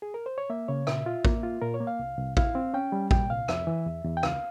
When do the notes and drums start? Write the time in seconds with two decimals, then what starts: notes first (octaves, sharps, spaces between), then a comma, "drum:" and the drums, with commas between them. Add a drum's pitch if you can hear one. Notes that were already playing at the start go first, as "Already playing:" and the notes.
0.02 G#4
0.14 A#4
0.26 C5
0.38 C#5
0.50 A#3 E5
0.68 C#3 C#5
0.87 A#2 E5, drum: rim click
1.06 F4
1.25 A#3, drum: kick A1
1.43 F4
1.62 A#2 A#4
1.74 C#5
1.80 A#3
1.87 F5
1.99 C2
2.18 C2
2.37 E4 F5, drum: kick A1
2.55 C4
2.74 C#4 G5
2.92 G3
3.11 A#2 G5, drum: kick A1
3.30 C2 F5
3.48 F2 E5, drum: rim click
3.67 E3
3.86 E2
4.04 E2
4.17 G5
4.23 C#2 F5, drum: rim click